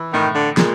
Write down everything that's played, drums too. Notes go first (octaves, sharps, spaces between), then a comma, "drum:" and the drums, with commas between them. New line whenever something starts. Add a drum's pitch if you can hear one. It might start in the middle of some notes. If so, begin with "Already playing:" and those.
Already playing: E3
A2 D#3
D3
A#2 G#3, drum: snare